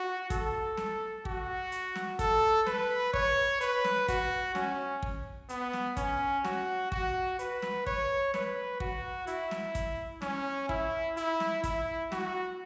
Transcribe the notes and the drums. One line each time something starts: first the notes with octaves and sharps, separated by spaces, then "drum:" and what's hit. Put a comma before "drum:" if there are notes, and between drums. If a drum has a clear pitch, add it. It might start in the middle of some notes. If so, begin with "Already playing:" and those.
Already playing: F#4
A4, drum: kick, hi-hat
drum: snare
F#4, drum: kick
drum: hi-hat
drum: snare
A4, drum: kick, hi-hat
B4, drum: snare
C#5, drum: kick
B4, drum: hi-hat
drum: snare
F#4, drum: kick, hi-hat
C#4, drum: snare
drum: kick
B3, drum: hi-hat
drum: snare
C#4, drum: kick, hi-hat
F#4, drum: snare
F#4, drum: kick
B4, drum: hi-hat
drum: snare
C#5, drum: kick
B4, drum: snare
F#4, drum: kick
E4, drum: hi-hat
drum: snare
drum: kick, hi-hat
C#4, drum: snare
E4, drum: kick
E4, drum: hi-hat
drum: snare
E4, drum: kick, hi-hat
F#4, drum: snare